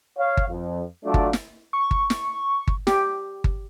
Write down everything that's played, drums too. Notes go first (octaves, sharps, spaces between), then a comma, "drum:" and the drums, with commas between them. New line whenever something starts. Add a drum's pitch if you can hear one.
C#5 F5
drum: kick G1
F2
F#3 A3 D4 F4 D5
drum: kick G1
drum: snare
C#6
drum: kick G1
drum: snare
drum: kick G1
G4, drum: snare
drum: kick G1